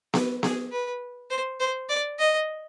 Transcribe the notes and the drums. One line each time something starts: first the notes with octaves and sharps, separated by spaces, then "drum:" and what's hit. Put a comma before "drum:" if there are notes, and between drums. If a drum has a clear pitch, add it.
B4, drum: snare B3
G#4, drum: snare B3
B4
C5
C5
D5
D#5